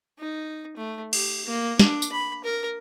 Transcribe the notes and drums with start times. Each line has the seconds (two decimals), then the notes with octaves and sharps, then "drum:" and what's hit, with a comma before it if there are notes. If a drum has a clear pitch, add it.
0.19 D#4
0.77 A3
1.13 G4, drum: cymbal
1.46 A#3
1.79 D4, drum: snare
2.02 drum: tambourine
2.12 B5
2.44 A#4